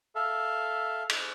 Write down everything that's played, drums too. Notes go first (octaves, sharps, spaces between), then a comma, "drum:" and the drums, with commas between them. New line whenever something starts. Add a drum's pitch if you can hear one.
A4 E5 F5
drum: cymbal